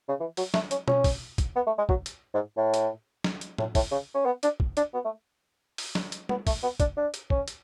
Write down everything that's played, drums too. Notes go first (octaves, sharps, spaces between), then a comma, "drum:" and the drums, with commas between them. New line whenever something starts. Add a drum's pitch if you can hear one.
C#3
E3
F#3, drum: open hi-hat
A3, drum: snare
C#4, drum: hi-hat
C#4, drum: tom B2
drum: kick, open hi-hat
drum: kick, hi-hat
B3
A3
G#3
F#3, drum: kick
drum: hi-hat
G#2
A2
drum: hi-hat
drum: snare
drum: hi-hat
A2, drum: tom A2
A2, drum: kick, open hi-hat
C#3
C#4
B3
D4, drum: hi-hat
drum: kick
D4, drum: hi-hat
B3
A3
drum: open hi-hat
drum: snare
drum: hi-hat
B3, drum: tom
A3, drum: kick, open hi-hat
B3
D4, drum: kick, hi-hat
D4
drum: hi-hat
C#4, drum: kick
drum: hi-hat